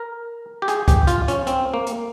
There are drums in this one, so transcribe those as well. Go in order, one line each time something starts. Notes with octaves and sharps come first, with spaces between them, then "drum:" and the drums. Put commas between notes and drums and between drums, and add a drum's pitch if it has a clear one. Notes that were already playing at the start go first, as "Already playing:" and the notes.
Already playing: A#4
G4
G#4, drum: hi-hat
G4, drum: kick C2, hi-hat
F4, drum: hi-hat
C#4, drum: hi-hat
C4, drum: hi-hat
A#3
drum: hi-hat